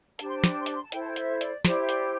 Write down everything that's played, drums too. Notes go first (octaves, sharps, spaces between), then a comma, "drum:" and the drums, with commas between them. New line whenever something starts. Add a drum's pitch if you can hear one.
D4 G4 C5 A5, drum: hi-hat
C6
A5
C6, drum: snare
A5
C6
A5, drum: hi-hat
C6
A5
E4 A4 C5 G5, drum: hi-hat
A5
G5
E5, drum: hi-hat
D5, drum: hi-hat
E4 G4 C5 D5, drum: snare
E5
D5, drum: hi-hat